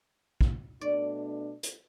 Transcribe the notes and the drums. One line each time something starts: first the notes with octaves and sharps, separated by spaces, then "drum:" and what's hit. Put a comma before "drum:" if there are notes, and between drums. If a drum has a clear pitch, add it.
drum: kick
B2 A3 D4 D5
drum: hi-hat